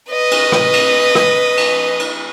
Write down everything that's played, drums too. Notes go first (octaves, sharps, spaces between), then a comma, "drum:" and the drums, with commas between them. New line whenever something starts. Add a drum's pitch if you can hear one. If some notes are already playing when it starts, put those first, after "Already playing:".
B4 D#5
drum: cymbal
drum: rim click
drum: cymbal
drum: rim click
drum: cymbal
drum: cymbal